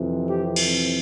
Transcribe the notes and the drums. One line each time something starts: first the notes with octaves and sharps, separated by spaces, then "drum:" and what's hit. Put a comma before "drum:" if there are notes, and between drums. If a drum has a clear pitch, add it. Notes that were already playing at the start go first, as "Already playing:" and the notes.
Already playing: F2 C3 E3
G4
drum: cymbal